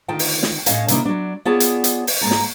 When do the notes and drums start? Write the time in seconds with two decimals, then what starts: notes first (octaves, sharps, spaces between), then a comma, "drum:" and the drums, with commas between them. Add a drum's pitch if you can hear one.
0.08 D2 D#3 F4 G5 A5
0.19 drum: open hi-hat
0.43 drum: snare
0.66 A2 C#4 C#5 D#5 F5 A5, drum: hi-hat
0.88 C3 D#3 A#3 D4 E4, drum: hi-hat
1.05 F#3 D4
1.45 B3 F4 G#4 C#5 D5 A5
1.60 drum: hi-hat
1.84 drum: hi-hat
2.07 drum: open hi-hat
2.21 G#2 A#3 A5 A#5
2.31 drum: snare